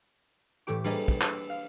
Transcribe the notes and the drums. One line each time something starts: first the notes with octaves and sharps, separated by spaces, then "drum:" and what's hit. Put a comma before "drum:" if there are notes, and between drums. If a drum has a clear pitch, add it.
A2 E3 A3 G4 D6
G3 A#3 D4 G#4 B4 D#5, drum: cymbal
drum: kick
E6, drum: clap
F5